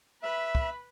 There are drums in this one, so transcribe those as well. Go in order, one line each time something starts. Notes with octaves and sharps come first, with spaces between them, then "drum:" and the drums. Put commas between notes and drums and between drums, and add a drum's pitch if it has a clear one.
B4 E5 B5
drum: kick